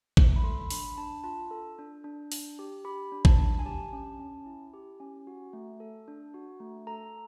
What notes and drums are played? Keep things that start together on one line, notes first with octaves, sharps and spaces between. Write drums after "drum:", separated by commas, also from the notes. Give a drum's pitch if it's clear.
A3, drum: kick A1
B5
A4 C6
D4 B5, drum: open hi-hat
D4 A5
F4 A5
A4
D4
D4
D4, drum: open hi-hat
G4
G4 B5
D4
A5, drum: kick A1
D4
G#5
G4 A5
C#4
C#4
E4
G4
C#4
F#4
A3
A4
D4
F#4
A3
A4 A#5